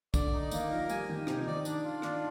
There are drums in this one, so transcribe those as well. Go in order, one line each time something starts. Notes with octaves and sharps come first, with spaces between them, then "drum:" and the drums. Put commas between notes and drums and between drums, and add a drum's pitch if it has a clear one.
D3 D5, drum: kick, tambourine
D#4
D#3 A#3, drum: tambourine
F3 A#4
G3 G#5, drum: tambourine
D#3 G4
C3 D#4, drum: rim click
F3
D#3 D5
D4, drum: tambourine
F4
D#3 D4, drum: rim click